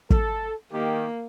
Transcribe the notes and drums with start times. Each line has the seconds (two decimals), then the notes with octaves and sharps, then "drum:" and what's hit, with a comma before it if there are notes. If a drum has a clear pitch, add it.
0.10 A4, drum: kick
0.72 D#3 A#3 G4